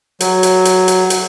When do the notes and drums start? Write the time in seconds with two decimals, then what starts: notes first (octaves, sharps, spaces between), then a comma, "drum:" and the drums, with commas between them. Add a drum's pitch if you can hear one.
0.20 F#3, drum: hi-hat
0.43 drum: hi-hat
0.65 drum: hi-hat
0.88 drum: hi-hat
1.10 drum: hi-hat